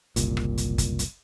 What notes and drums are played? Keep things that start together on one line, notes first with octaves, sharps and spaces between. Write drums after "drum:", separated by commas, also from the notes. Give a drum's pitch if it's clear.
F#1 C2 A#2, drum: hi-hat
drum: rim click
drum: hi-hat
drum: kick F#1, hi-hat
drum: hi-hat